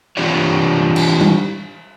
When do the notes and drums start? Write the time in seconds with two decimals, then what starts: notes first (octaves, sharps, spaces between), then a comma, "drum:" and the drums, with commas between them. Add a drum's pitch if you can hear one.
0.17 E3 D4 F4 G4 C#5 D5
0.96 drum: cymbal
1.21 drum: tom G3